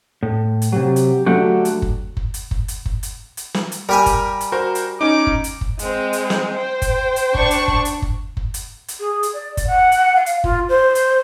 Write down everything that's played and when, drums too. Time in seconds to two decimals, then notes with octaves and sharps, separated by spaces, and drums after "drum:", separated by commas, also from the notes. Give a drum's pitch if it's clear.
0.23 A2
0.62 drum: hi-hat
0.72 C3 F#3 G4
0.96 drum: hi-hat
1.26 D3 F#3 A3 F#4 G4
1.65 drum: hi-hat
1.82 drum: kick F#1
2.17 drum: kick F#1
2.34 drum: hi-hat
2.51 drum: kick F#1
2.68 drum: hi-hat
2.86 drum: kick F#1
3.03 drum: hi-hat
3.37 drum: hi-hat
3.54 drum: snare
3.72 drum: hi-hat
3.89 G3 G4 A#4 G#5 A#5
4.06 drum: kick F#1, hi-hat
4.41 drum: hi-hat
4.52 F#4 A#4 C5
4.75 drum: hi-hat
5.01 C#4 D#4 D6
5.27 drum: kick F#1
5.44 drum: hi-hat
5.61 drum: kick F#1
5.79 G#3 C4, drum: hi-hat
6.13 drum: hi-hat
6.30 drum: snare
6.53 C5 G5
6.82 drum: kick F#1, hi-hat
7.16 drum: hi-hat
7.34 D4 C#6, drum: kick F#1
7.51 drum: hi-hat
7.68 drum: kick F#1
7.85 drum: hi-hat
8.02 drum: kick F#1
8.37 drum: kick F#1
8.54 drum: hi-hat
8.88 drum: hi-hat
9.00 G#4
9.23 drum: hi-hat
9.34 D5
9.57 drum: kick F#1, hi-hat
9.67 F#5
9.92 drum: hi-hat
10.16 F5
10.26 drum: hi-hat
10.44 F4, drum: kick F#1
10.69 C5
10.95 drum: hi-hat